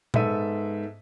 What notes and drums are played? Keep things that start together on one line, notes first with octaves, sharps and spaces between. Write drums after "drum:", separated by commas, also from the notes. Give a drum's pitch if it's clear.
G#2 B3 A4 E5 D#7, drum: tom A#2